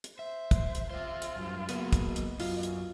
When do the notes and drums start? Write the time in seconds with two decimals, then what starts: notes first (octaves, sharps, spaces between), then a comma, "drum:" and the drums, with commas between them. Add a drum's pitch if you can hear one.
0.04 drum: hi-hat
0.19 C5 E5
0.51 drum: kick, hi-hat
0.75 drum: hi-hat
0.91 F4 C5 E5
1.22 drum: hi-hat
1.36 F#2 G3
1.69 F#3 A#3 B3, drum: hi-hat
1.93 drum: kick, hi-hat
2.04 D#5
2.16 drum: hi-hat
2.40 F#2 F4, drum: open hi-hat
2.63 drum: hi-hat